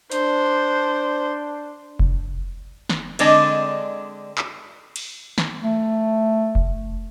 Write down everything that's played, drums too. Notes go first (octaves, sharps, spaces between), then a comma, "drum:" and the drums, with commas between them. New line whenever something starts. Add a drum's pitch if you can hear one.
D4 C5, drum: hi-hat
drum: kick F1
drum: snare
D3 G#3 C4 D4 D5 D#5, drum: cymbal
drum: clap
drum: cymbal
drum: snare
A3
drum: kick F1